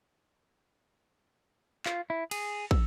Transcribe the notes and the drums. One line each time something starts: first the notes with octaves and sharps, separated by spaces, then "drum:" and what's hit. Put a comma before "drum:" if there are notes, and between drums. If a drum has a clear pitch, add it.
F4, drum: clap
E4
G#4, drum: cymbal
E6, drum: kick